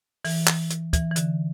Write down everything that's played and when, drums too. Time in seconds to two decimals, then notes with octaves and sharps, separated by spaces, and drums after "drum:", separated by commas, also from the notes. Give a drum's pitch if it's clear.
0.25 E3, drum: open hi-hat
0.47 drum: clap
0.70 drum: hi-hat
0.93 E3, drum: kick, hi-hat
1.11 E3
1.16 D3, drum: hi-hat